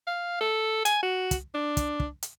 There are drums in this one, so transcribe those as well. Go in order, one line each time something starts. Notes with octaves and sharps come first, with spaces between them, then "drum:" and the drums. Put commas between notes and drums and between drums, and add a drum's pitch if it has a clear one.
F5
A4
G#5, drum: hi-hat
F#4
drum: kick, hi-hat
D4
drum: kick, hi-hat
drum: kick
drum: hi-hat